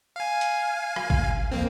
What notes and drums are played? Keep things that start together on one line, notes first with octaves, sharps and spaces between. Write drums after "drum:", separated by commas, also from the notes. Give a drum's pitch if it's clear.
F5 G#5
drum: hi-hat
drum: rim click
drum: kick
F2 A#3 C4